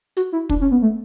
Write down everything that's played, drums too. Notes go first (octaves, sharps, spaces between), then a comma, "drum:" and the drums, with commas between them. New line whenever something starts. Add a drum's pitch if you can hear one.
F#4, drum: hi-hat
E4
D4, drum: kick
C#4
B3
A3